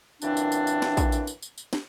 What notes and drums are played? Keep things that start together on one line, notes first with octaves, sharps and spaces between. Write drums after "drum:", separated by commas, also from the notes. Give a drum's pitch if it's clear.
F#2 A#2 E3 C4 D4, drum: tambourine
drum: tambourine
drum: tambourine
drum: tambourine
drum: snare
drum: kick A#1, tambourine
drum: tambourine
drum: tambourine
drum: tambourine
drum: tambourine
drum: snare